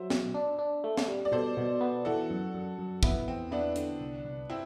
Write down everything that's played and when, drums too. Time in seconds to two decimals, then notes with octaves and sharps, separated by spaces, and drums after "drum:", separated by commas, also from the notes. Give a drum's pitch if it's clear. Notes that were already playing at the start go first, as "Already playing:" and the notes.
Already playing: F#3 C5 E5
0.10 B2, drum: snare
0.34 D4
0.59 D4
0.84 A3
0.97 drum: snare
1.08 G3
1.25 D5
1.32 B2 A4 C5
1.57 B2
1.81 B3
2.05 E3 F#4 A4
2.30 F#2
2.54 F#2
2.79 F#2
3.03 B3 E4, drum: kick
3.28 E2 C4
3.51 B3 D4 E4
3.76 D3, drum: hi-hat
4.01 C2
4.25 C2
4.50 C4 E4